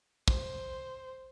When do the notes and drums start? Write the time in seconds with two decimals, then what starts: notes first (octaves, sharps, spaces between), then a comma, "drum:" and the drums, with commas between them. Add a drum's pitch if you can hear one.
0.28 C5, drum: kick